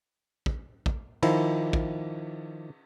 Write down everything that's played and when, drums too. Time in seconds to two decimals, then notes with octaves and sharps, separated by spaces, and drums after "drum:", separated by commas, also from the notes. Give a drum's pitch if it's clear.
0.46 drum: kick
0.86 drum: kick
1.23 D#3 F3 E4, drum: cymbal
1.73 drum: kick